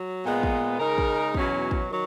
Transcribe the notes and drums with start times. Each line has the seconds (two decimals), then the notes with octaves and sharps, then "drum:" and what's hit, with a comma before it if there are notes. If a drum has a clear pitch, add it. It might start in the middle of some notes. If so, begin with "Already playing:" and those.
Already playing: F#3
0.24 A#2 G#3 B3
0.43 drum: kick
0.79 C#3 G#3 D#4 A#4
0.98 drum: kick
1.34 E2 B2 F#3 C#4 E4, drum: kick
1.71 drum: kick
1.89 D#3 F#3